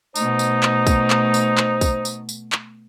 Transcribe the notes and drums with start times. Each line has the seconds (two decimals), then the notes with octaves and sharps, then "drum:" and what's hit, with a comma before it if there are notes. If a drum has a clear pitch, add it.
0.15 B2 A3 D#4 C5, drum: tambourine
0.39 drum: tambourine
0.63 drum: clap
0.87 drum: kick, tambourine
1.10 drum: clap
1.34 drum: tambourine
1.58 drum: clap
1.81 drum: kick, tambourine
2.05 drum: tambourine
2.29 drum: tambourine
2.52 drum: clap